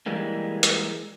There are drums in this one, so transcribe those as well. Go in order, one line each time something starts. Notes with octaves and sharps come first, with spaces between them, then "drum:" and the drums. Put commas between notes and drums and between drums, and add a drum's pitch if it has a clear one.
E3 G3 G#3 A#3
drum: hi-hat